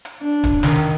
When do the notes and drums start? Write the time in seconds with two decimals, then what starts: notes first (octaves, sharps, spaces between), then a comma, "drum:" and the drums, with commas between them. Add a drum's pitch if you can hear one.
0.05 drum: hi-hat
0.20 D4
0.44 drum: kick D1, hi-hat
0.63 D#3, drum: snare